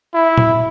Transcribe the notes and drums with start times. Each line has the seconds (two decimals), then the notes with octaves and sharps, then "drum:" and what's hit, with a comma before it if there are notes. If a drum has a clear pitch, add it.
0.14 E4
0.38 drum: tom